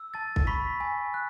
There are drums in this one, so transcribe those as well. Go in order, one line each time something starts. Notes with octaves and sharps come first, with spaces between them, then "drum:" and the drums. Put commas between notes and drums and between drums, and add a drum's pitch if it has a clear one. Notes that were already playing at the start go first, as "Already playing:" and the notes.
Already playing: E6
A5 A6
drum: kick
B5 C#6 B6
G#5
F#6